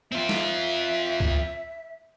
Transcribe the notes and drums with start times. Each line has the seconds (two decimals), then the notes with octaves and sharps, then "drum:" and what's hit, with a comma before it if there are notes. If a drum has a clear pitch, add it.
0.12 C4 F4 E5
0.29 drum: snare
1.20 drum: kick C#2